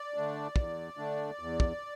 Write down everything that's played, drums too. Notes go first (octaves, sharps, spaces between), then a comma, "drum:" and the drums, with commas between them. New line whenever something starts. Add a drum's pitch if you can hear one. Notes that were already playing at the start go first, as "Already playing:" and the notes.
Already playing: D5
D3 A3 D4
E2, drum: kick
D3 A3 D4
E2
drum: kick